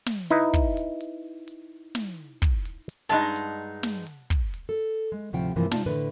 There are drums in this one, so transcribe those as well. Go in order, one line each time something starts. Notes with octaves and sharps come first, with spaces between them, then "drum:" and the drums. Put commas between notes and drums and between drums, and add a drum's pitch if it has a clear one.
drum: snare
D#4 E4 B4 D#5, drum: hi-hat
drum: kick, hi-hat
drum: hi-hat
drum: hi-hat
drum: hi-hat
drum: snare
drum: kick, hi-hat
drum: hi-hat
drum: hi-hat
G2 G#3 D#4 F#5 A5
drum: hi-hat
drum: snare
drum: hi-hat
drum: kick, hi-hat
drum: hi-hat
A4
G#3
D2 A2 C3 F3 F#5 G5
G2 C3 E3 F3 A#3
C3 D#4 F4 D5 A5, drum: snare
A2 D3 B4